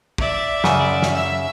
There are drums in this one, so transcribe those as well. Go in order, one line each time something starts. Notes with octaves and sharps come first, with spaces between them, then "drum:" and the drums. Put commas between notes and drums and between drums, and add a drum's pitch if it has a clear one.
D5 E5, drum: kick
F#2 C#3, drum: snare
drum: snare
E5 E6